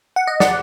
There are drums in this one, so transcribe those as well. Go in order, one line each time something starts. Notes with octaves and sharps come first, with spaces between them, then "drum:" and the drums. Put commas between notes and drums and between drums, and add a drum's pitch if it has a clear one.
F#5
D#5
D5 F#5, drum: snare